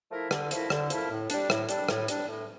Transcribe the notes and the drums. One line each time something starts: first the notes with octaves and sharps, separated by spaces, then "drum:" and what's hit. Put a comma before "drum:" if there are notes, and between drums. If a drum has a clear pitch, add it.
F3 A3 E4 A#4
D3, drum: rim click
F3 A3 E4 A#4, drum: hi-hat
D3, drum: rim click
F3 A3 E4 A#4, drum: hi-hat
A2
G3 D4, drum: hi-hat
A2, drum: rim click
G3 D4, drum: hi-hat
A2, drum: rim click
G3 D4, drum: hi-hat
A2